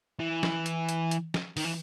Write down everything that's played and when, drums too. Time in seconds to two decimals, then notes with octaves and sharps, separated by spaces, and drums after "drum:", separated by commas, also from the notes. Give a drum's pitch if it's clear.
0.20 E3
0.43 drum: snare
0.66 drum: hi-hat
0.89 drum: hi-hat
1.11 drum: hi-hat
1.34 drum: snare
1.57 D#3, drum: open hi-hat
1.64 E3